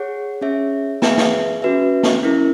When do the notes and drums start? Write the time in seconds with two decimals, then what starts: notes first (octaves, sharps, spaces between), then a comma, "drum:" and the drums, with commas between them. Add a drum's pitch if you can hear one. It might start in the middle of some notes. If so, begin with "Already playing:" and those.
Already playing: G#4 C#5 F#5
0.41 C#4 G#4 C#5 E5
1.02 G#4 B4 E5 G#5, drum: snare
1.17 drum: snare
1.62 C#4 F#4 B4 E5
2.03 drum: snare
2.23 C#4 E4 A#4